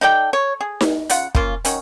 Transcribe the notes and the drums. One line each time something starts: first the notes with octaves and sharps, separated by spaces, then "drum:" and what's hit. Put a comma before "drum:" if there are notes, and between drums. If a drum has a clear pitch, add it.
D#4 A4 D5 G5
C#5
G#4
drum: snare D#4
C#3 F4 F#5, drum: hi-hat
A#3 C#4 F4, drum: kick
D#3 F#3 C#4, drum: hi-hat